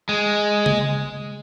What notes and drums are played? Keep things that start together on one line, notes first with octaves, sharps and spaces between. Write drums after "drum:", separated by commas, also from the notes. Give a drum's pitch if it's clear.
G#3
drum: tom C#3